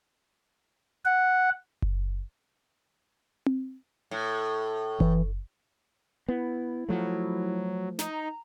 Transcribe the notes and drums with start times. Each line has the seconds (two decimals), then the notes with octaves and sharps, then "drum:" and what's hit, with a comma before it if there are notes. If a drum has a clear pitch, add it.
1.05 F#5
1.82 drum: kick F#1
3.46 drum: tom C4
4.11 A2
5.00 E3, drum: kick F#1
6.29 B3 E4
6.89 F3 F#3 A3
7.99 D#4 A#5, drum: snare